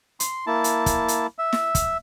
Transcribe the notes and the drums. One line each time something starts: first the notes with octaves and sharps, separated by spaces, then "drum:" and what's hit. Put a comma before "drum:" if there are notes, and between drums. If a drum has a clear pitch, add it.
C6, drum: hi-hat
A#3 E4 A5
drum: hi-hat
drum: kick, hi-hat
drum: hi-hat
E5
drum: snare
drum: kick, hi-hat